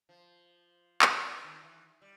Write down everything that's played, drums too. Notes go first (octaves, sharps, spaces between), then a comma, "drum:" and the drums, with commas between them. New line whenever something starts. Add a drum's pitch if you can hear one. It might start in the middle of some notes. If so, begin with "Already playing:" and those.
F3
drum: clap
D#3
E3
G3